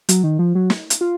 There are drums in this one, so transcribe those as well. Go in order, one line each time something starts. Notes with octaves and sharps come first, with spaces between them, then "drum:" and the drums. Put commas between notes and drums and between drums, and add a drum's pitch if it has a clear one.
F#3, drum: hi-hat
D#3
F3
F#3
drum: snare
drum: hi-hat
F4